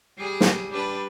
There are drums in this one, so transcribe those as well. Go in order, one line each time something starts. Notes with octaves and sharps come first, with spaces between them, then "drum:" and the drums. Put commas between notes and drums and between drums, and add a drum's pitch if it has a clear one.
G3 G#4
drum: snare
G3 D4 B4